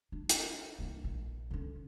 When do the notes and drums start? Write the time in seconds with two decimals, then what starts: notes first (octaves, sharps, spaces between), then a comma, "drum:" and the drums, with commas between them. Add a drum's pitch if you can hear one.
0.12 D4
0.29 drum: hi-hat
0.79 A#3 D4
1.04 A#1
1.51 D3 C#4